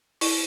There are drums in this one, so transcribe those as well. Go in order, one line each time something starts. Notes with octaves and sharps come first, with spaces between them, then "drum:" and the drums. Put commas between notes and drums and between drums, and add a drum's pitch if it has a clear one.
E4, drum: open hi-hat